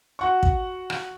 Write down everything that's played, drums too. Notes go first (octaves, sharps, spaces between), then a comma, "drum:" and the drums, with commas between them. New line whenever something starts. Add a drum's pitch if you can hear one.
F#4 F#5 C#6
drum: kick
drum: rim click